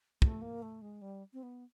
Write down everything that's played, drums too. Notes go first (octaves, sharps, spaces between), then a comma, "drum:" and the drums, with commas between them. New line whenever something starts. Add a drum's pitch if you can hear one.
A3, drum: kick
A#3
A3
G#3
G3
C4
B3